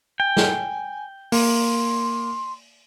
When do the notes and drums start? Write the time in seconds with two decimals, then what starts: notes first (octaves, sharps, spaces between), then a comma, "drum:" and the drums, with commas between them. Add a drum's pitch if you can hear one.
0.20 G5 G#5
0.37 drum: snare
1.32 A#3 C6, drum: open hi-hat